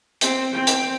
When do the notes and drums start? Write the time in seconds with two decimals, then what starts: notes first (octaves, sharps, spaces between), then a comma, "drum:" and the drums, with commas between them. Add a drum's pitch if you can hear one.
0.21 C4, drum: hi-hat
0.52 C4 G5
0.67 drum: hi-hat